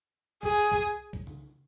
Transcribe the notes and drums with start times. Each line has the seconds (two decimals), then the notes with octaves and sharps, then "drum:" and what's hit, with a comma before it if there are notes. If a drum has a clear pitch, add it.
0.43 G#4, drum: kick
0.72 drum: kick
1.13 drum: kick
1.27 drum: tom C#3